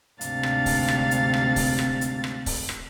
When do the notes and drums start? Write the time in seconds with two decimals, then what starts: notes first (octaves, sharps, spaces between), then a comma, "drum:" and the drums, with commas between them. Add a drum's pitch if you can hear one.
0.21 D2 G#2 C3 D4 F5 A6, drum: hi-hat
0.43 drum: rim click
0.66 drum: kick, open hi-hat
0.88 drum: rim click
1.11 drum: hi-hat
1.34 drum: rim click
1.56 drum: kick, open hi-hat
1.79 drum: rim click
2.01 drum: hi-hat
2.24 drum: rim click
2.46 drum: kick, open hi-hat
2.69 drum: rim click